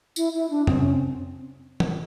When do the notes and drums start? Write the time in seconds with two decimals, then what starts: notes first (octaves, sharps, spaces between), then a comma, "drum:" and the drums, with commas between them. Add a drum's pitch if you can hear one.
0.16 E4, drum: tambourine
0.33 E4
0.50 D4
0.67 C4, drum: tom
0.79 C#4
0.92 C4
1.80 drum: tom E3